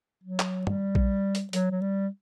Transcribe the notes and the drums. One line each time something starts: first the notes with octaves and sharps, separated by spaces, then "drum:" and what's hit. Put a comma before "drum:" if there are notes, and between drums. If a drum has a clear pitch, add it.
F#3
drum: clap
G3, drum: tom
drum: kick A#1
drum: hi-hat
F#3, drum: hi-hat
F#3
G3